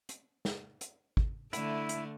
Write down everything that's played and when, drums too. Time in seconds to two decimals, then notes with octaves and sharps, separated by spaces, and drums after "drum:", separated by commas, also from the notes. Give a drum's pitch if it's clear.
0.09 drum: hi-hat
0.45 drum: snare
0.81 drum: hi-hat
1.17 drum: kick
1.53 D3 A3 E4, drum: hi-hat
1.89 drum: hi-hat